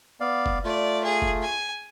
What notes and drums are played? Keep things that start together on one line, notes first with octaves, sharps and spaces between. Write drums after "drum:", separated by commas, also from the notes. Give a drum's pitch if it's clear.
B3 D5 F5
drum: kick
A3 F4 D5
G#4
drum: kick
G#5